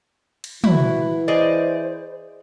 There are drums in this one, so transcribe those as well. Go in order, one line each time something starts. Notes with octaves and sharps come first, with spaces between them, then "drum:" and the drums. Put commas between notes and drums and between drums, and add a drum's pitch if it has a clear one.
drum: cymbal
E3 E4 F#4, drum: tom
G#4 C5 D5 D#5